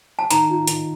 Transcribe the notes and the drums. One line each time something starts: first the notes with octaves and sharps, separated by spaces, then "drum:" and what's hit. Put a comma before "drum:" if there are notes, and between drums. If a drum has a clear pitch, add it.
A5
D#3 A#5, drum: hi-hat
F4
D#3, drum: hi-hat